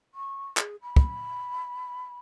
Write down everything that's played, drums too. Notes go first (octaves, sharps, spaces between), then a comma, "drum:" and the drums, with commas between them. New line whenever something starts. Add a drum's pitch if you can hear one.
C#6
G#4, drum: clap
B5
drum: kick